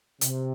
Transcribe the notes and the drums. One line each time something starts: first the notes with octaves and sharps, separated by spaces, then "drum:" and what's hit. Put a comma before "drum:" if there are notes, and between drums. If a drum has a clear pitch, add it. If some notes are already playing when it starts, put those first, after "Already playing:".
C3, drum: hi-hat